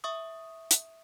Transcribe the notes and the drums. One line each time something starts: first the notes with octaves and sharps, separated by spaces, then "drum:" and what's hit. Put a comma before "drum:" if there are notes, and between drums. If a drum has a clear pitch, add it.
E5 C#6 D#6
drum: hi-hat